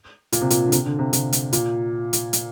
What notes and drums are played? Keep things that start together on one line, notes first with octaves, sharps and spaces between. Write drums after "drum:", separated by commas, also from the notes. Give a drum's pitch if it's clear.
A#2, drum: hi-hat
C3
A#2, drum: hi-hat
D3
C3, drum: hi-hat
D3
C3
C3, drum: hi-hat
drum: hi-hat
A#2, drum: hi-hat
drum: hi-hat
drum: hi-hat